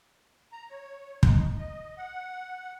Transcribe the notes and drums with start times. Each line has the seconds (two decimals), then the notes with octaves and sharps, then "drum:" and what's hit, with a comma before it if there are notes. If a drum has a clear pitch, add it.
0.52 A#5
0.70 C#5
1.23 D#4, drum: kick
1.58 D#5
1.97 F#5